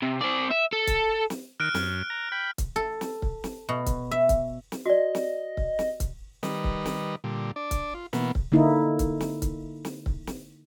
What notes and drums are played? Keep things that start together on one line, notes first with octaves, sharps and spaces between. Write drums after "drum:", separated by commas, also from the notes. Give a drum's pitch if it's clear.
C3
C4 D5
E5
A4
drum: kick C#1, hi-hat
drum: snare
D#3 F6 F#6 D7
F#2, drum: snare
A#5
G5 B5
drum: kick C#1, hi-hat
A4
drum: snare
drum: kick C#1
drum: snare
B2
drum: kick C#1, hi-hat
E5
drum: kick C#1, hi-hat
drum: snare
F#4 D5 D#5
drum: snare
drum: kick C#1
drum: snare
drum: kick C#1, hi-hat
D#3 G3 B4 D#5, drum: snare
drum: kick C#1
drum: snare
A#2 D3 G3
D4 D5
drum: kick C#1, hi-hat
F4
B2 E3 A#3 B3, drum: snare
drum: kick C#1
D3 A#3 D#4 E4
drum: kick C#1, hi-hat
drum: snare
drum: kick C#1, hi-hat
drum: snare
drum: kick C#1
drum: snare